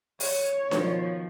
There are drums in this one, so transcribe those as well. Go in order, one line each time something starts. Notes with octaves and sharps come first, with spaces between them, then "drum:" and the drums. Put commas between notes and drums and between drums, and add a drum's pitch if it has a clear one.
C#5, drum: open hi-hat
B2 D#3 F3, drum: snare D4